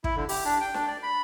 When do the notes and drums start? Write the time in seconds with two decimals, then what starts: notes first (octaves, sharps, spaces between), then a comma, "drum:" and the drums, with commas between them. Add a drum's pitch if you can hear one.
0.04 E4, drum: kick
0.16 D3
0.29 G4, drum: open hi-hat
0.45 D4
0.60 G5
0.74 D4, drum: snare D4
0.87 D5
1.03 B5